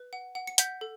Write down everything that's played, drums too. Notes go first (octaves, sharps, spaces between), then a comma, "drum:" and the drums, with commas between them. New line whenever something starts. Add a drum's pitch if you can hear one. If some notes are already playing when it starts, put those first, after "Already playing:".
Already playing: B4
F#5
F#5
C#7
F#5 G6 B6, drum: hi-hat
A4